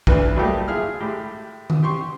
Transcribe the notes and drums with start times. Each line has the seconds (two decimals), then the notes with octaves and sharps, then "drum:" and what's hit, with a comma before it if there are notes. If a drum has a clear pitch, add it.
0.07 D2 E3 B4, drum: kick
0.36 F#3 G3 A3 A#3 G4 D#5
0.68 F4 G#4 E5 F6
1.00 A2 G#3 G4
1.70 drum: tom D#3
1.83 G4 C6 C#6